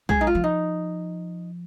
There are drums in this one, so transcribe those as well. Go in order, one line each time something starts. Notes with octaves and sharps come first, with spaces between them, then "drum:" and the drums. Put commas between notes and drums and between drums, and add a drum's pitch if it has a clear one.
G#3 G#4, drum: kick
D#4
F4
F3
D#4